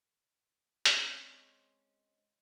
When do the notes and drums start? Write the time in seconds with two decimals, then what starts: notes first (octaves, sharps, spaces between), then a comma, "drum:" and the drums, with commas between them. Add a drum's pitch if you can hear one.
0.86 G#3 C4 C#4 C#5 D#5, drum: hi-hat